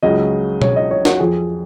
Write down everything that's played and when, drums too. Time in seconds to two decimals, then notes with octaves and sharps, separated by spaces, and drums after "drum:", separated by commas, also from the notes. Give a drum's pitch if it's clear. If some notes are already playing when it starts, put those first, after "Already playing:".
0.03 C#2 C#3 F#3 D#5
0.62 C#5, drum: tom B2
0.76 D#5
0.91 C#5
1.05 F#4, drum: snare
1.20 F2 F3 G#4